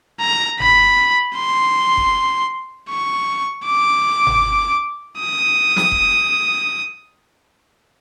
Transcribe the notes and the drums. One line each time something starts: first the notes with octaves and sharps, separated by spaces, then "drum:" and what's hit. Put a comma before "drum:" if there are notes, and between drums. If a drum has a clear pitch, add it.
A#5
B5, drum: tom G1
C6
drum: kick F1
C#6
D6
drum: tom G1
D#6
drum: snare
drum: kick F1